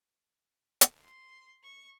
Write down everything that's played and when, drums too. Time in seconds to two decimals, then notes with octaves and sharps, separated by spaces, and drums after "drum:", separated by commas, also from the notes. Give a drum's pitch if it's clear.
0.81 drum: hi-hat
1.03 C6
1.63 C#6